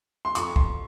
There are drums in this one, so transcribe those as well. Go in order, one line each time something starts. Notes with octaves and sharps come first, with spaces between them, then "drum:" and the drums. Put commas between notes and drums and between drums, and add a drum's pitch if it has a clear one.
C6
F2 C#6, drum: hi-hat
C6, drum: kick